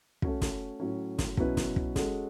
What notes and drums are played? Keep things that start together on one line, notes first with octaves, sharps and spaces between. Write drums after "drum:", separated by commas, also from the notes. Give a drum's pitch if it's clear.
A3 C#4 F#4, drum: kick
drum: snare
A2 F#3 C#4
drum: snare
B2 F#3 C#4 E4 B4, drum: kick
drum: snare
drum: kick
G#3 C#4 F#4 A4, drum: snare